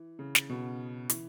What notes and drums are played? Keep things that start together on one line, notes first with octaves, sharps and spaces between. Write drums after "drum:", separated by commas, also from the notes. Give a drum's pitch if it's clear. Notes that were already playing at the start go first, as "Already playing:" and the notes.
Already playing: E3
C#3
drum: snare
B2
E3, drum: hi-hat